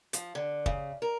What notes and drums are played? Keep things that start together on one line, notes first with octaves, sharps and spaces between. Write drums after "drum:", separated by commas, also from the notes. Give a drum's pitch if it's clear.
F3, drum: hi-hat
D3
C#3, drum: kick
A#4